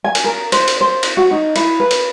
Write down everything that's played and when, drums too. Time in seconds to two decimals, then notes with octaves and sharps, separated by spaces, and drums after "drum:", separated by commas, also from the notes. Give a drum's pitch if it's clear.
0.04 G#5
0.15 drum: cymbal
0.24 A#4
0.52 C5, drum: cymbal
0.68 drum: cymbal
0.81 C5
1.03 drum: cymbal
1.17 F#4
1.31 D#4
1.56 E4, drum: cymbal
1.80 B4
1.91 drum: cymbal